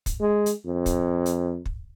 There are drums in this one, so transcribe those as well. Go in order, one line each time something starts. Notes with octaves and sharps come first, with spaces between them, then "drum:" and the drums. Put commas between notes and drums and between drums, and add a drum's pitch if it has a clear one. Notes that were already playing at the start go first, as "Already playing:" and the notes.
drum: kick, hi-hat
G#3
drum: hi-hat
F2
drum: kick, hi-hat
drum: hi-hat
drum: kick